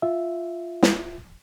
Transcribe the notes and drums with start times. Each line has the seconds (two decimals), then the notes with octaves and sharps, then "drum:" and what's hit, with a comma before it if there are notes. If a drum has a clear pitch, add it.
0.02 F4 E5
0.83 drum: snare